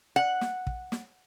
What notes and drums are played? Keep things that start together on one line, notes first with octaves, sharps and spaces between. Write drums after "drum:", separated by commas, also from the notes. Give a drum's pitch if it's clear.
F#5
drum: snare
drum: kick
drum: snare